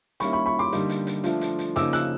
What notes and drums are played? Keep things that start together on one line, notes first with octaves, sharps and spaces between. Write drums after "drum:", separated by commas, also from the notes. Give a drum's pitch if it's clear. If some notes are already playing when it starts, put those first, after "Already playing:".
D#3 G3 A#3 C#4 E4 B5 C#6, drum: hi-hat
B5 C#6
B5 C#6
C6 D6
D3 G3 A#3 D#4, drum: hi-hat
drum: hi-hat
drum: hi-hat
F3 A3 D4 F4, drum: hi-hat
drum: hi-hat
drum: hi-hat
C#3 F3 A#3 D#4 D6 E6, drum: hi-hat
E6 F#6, drum: hi-hat